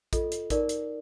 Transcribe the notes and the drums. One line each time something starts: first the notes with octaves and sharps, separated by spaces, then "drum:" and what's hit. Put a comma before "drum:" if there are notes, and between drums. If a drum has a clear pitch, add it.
F4 A4 D#5, drum: kick, hi-hat
drum: hi-hat
D#4 A#4 D5, drum: kick, hi-hat
drum: hi-hat